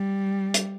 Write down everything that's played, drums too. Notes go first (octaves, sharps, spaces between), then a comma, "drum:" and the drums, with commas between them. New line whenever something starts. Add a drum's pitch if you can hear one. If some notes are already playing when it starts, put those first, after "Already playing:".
Already playing: G3
drum: hi-hat